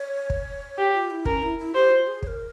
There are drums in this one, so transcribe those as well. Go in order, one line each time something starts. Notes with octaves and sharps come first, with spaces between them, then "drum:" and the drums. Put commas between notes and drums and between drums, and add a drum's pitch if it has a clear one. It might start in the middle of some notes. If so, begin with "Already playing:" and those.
Already playing: C#5
drum: kick
G4
F4
E4
C#4 A#4, drum: kick
E4
E4
G4 C5
F4
G#4
C#5, drum: kick
A#4